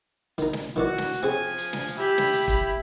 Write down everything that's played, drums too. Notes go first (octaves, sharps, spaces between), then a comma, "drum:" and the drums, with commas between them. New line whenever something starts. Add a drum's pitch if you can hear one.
D#3 D#4, drum: hi-hat
drum: snare
D#3 E3 F#4 D5
drum: snare
drum: hi-hat
F3 C4 C#4 G#4 G#5
drum: hi-hat
drum: snare
drum: hi-hat
E4 G4 E5 B5
drum: snare
drum: hi-hat
drum: kick, hi-hat